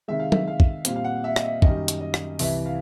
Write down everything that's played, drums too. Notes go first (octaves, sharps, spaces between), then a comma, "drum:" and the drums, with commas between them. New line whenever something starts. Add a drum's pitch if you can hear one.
C3 D#3 G#3 E5
F5
E5, drum: tom
F5
drum: kick
A#2 G3 C4 F5, drum: hi-hat
F5
F#5
E5
D#5, drum: rim click
E5
F#2 D#3 G3 D#5, drum: kick
drum: hi-hat
D#5
drum: rim click
C2 C3 E3 E5, drum: open hi-hat
F5